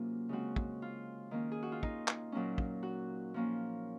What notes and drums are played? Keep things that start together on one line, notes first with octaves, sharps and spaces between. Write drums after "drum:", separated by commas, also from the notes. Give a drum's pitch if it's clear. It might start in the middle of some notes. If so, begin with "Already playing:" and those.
Already playing: C3 F#3 A#3 C#4 F4
C#3 G#3 C4 F#4
drum: kick
F4
D#3 A#3 C#4
G#4
F#4
F4
D#4, drum: kick
drum: clap
A#2 F#3 A#3 C#4
drum: kick
F#4
F3 A#3 C#4